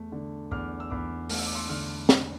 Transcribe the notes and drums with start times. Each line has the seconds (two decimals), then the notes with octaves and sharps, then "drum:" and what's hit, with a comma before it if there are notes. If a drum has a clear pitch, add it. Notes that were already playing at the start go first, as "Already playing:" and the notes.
Already playing: E2 A3
0.12 D3
0.51 E2 D6 F6
0.80 E6
0.90 E2 B5 D6
1.29 A3 F6, drum: open hi-hat
1.39 E6
1.47 D6
1.55 C6 E6
1.68 D3 D6 F6
2.09 drum: snare